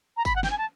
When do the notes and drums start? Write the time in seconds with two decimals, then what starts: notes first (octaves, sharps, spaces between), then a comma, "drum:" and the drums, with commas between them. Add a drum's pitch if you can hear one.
0.17 A#5
0.25 B5, drum: kick, tambourine
0.36 F#5
0.43 G5, drum: snare
0.51 G#5
0.58 A5